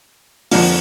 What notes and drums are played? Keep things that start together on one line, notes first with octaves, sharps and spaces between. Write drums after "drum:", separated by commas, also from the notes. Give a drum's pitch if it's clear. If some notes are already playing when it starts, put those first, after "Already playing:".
F2 D3 F3 A#3, drum: open hi-hat